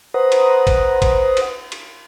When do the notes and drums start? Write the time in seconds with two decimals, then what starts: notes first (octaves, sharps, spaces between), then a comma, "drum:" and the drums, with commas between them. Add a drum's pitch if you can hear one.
0.14 B4 C5 F#5 A#5 D#6
0.32 drum: cymbal
0.67 drum: kick, cymbal
1.02 drum: kick, cymbal
1.37 drum: cymbal
1.72 drum: cymbal